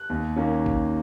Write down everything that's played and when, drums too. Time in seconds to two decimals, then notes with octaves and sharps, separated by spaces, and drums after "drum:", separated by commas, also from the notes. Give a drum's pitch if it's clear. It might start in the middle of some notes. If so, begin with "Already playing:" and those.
Already playing: F#6
0.10 D#2
0.36 D#3 A#3 C#4
0.66 drum: kick